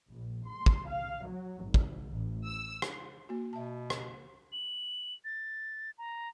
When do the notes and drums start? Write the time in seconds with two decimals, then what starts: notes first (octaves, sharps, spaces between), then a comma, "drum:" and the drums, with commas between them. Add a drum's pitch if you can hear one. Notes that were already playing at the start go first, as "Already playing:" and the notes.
0.11 A#1
0.48 C6
0.66 drum: kick
0.88 F5
1.29 F#3
1.64 G#1
1.74 drum: kick
2.13 A1
2.46 E6
2.82 drum: rim click
3.29 A#3 F#4
3.53 B2 E5 A5
3.90 drum: rim click
4.52 F#7
5.25 A6
5.98 A#5